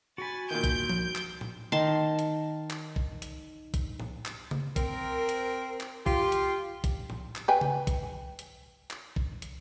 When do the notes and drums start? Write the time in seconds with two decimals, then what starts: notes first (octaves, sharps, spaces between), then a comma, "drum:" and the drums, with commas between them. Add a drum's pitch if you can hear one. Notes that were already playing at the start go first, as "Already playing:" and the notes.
0.18 F#4 G#5 B5 A6
0.51 A#2 D#3 G6 D7
0.64 drum: kick, hi-hat
0.89 drum: tom F3
1.15 drum: clap
1.41 drum: tom A2
1.72 D#3 A5 C6
2.19 drum: hi-hat
2.70 drum: clap
2.96 drum: kick
3.22 drum: hi-hat
3.74 drum: kick, hi-hat
4.00 drum: tom A2
4.25 drum: clap
4.51 drum: tom C#3
4.76 C4 A#4, drum: kick, hi-hat
5.29 drum: hi-hat
5.80 drum: clap
6.06 F4 G4, drum: kick
6.32 drum: hi-hat
6.84 drum: kick, hi-hat
7.10 drum: tom A2
7.36 drum: clap
7.48 B4 G5 G#5
7.61 drum: tom C#3
7.87 drum: kick, hi-hat
8.39 drum: hi-hat
8.91 drum: clap
9.16 drum: kick
9.42 drum: hi-hat